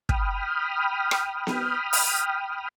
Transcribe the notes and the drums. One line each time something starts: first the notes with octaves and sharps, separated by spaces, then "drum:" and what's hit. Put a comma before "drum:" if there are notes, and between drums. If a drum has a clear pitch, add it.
G5 B5 D#6 F6, drum: kick
drum: rim click
drum: snare B3
drum: open hi-hat